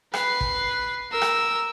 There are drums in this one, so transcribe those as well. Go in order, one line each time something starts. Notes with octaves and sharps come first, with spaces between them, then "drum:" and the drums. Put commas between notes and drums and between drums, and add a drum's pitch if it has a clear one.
B4 C7, drum: rim click
drum: kick
A#4 E6
drum: rim click